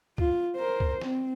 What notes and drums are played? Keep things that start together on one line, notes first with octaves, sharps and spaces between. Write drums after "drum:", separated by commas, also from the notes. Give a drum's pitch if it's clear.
F4, drum: kick
A#4 C5
drum: kick
C4, drum: snare